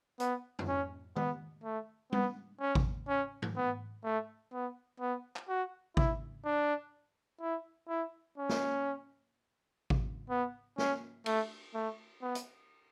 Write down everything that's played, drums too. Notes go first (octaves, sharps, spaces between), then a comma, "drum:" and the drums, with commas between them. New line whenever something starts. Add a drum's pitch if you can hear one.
B3, drum: hi-hat
drum: tom F2
C#4
B3, drum: tom D#3
A3
B3, drum: tom G3
C#4
drum: kick G#1
C#4
drum: tom G#2
B3
A3
B3
B3
drum: clap
F#4
E4, drum: kick G#1
D4
E4
E4
C#4
drum: snare
drum: kick G#1
B3
C#4, drum: snare
A3, drum: cymbal
A3
B3
drum: hi-hat